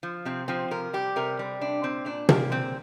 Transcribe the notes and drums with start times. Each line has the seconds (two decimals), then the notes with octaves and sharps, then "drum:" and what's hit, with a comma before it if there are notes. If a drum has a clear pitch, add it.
0.03 F3
0.25 C3 C4
0.48 F3 C4
0.71 C3 A#4
0.93 G3 G4
1.16 C3 A#4
1.39 G3
1.61 C3 D4
1.83 A#2 C4
2.06 A#2 D4
2.29 G3 A#3, drum: tom
2.51 A#2 C4